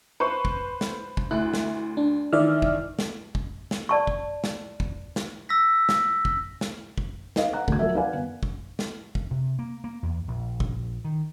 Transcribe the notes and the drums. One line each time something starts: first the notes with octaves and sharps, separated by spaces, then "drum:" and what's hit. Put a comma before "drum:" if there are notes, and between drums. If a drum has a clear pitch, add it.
B4 C5 C#6
drum: kick G1
drum: snare
drum: kick G1
D2 E4 F#6
drum: snare
D4
D#3 E3 D5 E5 F6
drum: kick G1
drum: snare
drum: kick G1
drum: snare
D5 A5 C#6
drum: kick G1
drum: snare
drum: kick G1
drum: snare
E6 A#6 B6
drum: snare
drum: kick G1
drum: snare
drum: kick G1
A4 B4 D#5 F5, drum: snare
F#5 A#5 F#6
D2 G#6, drum: kick G1
F3 F#3 F#4 A4 A#4 E5
A#4 B4 D5 F5 F#5 G#5
G1
drum: kick G1
drum: snare
drum: kick G1
C3
A#3
A#3
E2
A#1
drum: kick G1
D#3